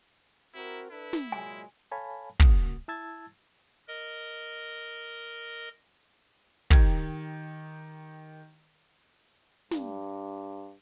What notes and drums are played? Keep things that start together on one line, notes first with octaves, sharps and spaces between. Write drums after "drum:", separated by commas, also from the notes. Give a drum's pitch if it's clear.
C4 E4 F#4 A#4
D4 E4 A4 B4
drum: snare
A#2 F#3 G#3 G#5
A4 C#5 F5 G#5 A5 B5
C#3 A#3 F#4 D#6, drum: kick
E4 A5 E6 G#6 A6
A#4 D#5
D#3 G4 G#6, drum: kick
G2, drum: snare